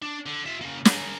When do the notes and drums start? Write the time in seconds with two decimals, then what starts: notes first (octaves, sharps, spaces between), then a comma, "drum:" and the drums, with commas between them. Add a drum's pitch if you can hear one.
0.02 D4
0.26 D3
0.46 F4 E5
0.61 C#3 A#3
0.85 G#4 A#4, drum: snare